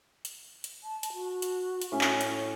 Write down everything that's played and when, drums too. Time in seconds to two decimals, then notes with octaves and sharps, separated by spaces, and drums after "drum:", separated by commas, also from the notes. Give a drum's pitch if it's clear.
0.25 drum: hi-hat
0.64 drum: hi-hat
0.84 A5
1.03 drum: hi-hat
1.14 F#4
1.42 drum: hi-hat
1.82 drum: hi-hat
1.92 A2 C#4
2.01 drum: clap
2.21 drum: hi-hat